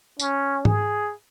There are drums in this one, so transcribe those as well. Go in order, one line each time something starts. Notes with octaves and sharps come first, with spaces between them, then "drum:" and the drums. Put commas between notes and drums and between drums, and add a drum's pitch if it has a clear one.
C#4, drum: tambourine
G#4, drum: tom G#2